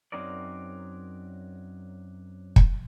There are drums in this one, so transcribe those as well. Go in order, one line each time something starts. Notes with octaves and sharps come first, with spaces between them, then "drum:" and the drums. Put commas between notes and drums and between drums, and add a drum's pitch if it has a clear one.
F#2 F#3 C4 D#4 A#4 D5
drum: kick